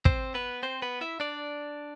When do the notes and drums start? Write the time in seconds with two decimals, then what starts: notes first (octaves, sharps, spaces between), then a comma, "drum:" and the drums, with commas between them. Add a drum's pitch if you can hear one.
0.05 C4 C5, drum: kick
0.34 B3 B4
0.63 C4 C5
0.82 B3 B4
1.01 E4 E5
1.20 D4 D5